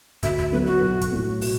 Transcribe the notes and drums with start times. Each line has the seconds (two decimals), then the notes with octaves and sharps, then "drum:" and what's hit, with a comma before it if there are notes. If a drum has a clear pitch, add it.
0.23 D2 E5, drum: kick, hi-hat
0.38 E5
0.52 D3 F#3 B3 B4
0.67 F#4
0.81 B1
1.01 drum: kick, hi-hat
1.12 A2 F#3
1.41 B2, drum: open hi-hat